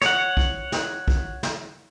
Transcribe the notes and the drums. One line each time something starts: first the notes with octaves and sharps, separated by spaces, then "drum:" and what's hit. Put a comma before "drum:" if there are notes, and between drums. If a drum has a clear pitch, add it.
C#5 F#5, drum: snare
drum: kick
drum: snare
drum: kick
drum: snare